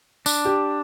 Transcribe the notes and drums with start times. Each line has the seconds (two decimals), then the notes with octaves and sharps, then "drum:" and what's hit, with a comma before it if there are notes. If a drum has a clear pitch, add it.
0.26 D4, drum: tambourine
0.45 G4